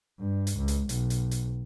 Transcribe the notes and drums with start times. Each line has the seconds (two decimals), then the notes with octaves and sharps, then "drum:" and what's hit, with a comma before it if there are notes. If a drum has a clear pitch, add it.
0.19 G2
0.47 drum: hi-hat
0.57 C#2
0.68 drum: hi-hat
0.89 B1, drum: hi-hat
1.10 drum: hi-hat
1.31 drum: hi-hat